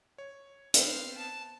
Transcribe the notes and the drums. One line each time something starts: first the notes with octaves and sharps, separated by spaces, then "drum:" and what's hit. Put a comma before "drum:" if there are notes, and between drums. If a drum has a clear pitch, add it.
C#5
B3 C4 C5 F5, drum: hi-hat
A5